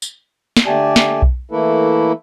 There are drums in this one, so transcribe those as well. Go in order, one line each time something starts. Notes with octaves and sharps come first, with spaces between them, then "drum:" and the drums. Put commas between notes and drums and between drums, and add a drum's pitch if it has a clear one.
drum: tambourine
drum: snare
D3 A3 G4 D5 G#5 A5
drum: snare
drum: kick B1
E3 A3 A#3 E4 A4 B4